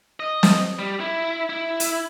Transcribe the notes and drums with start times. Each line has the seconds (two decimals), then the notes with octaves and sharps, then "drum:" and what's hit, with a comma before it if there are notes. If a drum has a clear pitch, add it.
0.20 D#5
0.43 drum: snare
0.79 G3
1.00 E4
1.49 E4
1.80 drum: hi-hat